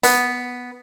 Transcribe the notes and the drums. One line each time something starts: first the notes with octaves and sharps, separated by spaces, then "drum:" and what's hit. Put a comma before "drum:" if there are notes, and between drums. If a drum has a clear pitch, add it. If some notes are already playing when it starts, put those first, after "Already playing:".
B3, drum: open hi-hat